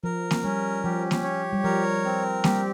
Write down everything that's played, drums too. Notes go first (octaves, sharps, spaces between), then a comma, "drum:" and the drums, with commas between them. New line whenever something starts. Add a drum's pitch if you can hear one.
F3 A#4
drum: snare A#3
G3 C#4
F3 G4
drum: snare A#3
C#5
G3
F3 A#4
C4
G3 G4, drum: snare A#3